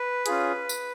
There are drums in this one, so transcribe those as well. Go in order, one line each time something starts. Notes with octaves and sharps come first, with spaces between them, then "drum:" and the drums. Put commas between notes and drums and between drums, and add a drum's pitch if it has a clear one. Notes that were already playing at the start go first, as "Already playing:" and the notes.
Already playing: B4
C#4 F4 G#4, drum: hi-hat
drum: tambourine